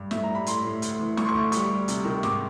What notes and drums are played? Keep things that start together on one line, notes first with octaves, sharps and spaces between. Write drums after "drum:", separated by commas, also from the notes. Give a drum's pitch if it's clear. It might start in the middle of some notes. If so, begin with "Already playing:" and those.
Already playing: G2
A2 E5, drum: snare
A#5
G3
B5
A2 C6, drum: hi-hat
A2
D2, drum: hi-hat
E3
D2 C#6, drum: snare
C6
C#6
D2
G3 C#6, drum: hi-hat
G3
C3, drum: hi-hat
D#3
G#2 D6, drum: snare